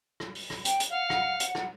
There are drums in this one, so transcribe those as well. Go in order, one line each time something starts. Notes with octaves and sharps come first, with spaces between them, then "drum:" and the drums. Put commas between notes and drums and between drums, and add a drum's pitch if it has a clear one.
drum: rim click
drum: open hi-hat
drum: rim click
G5, drum: hi-hat
drum: hi-hat
F5 F#5
drum: rim click
drum: hi-hat
drum: rim click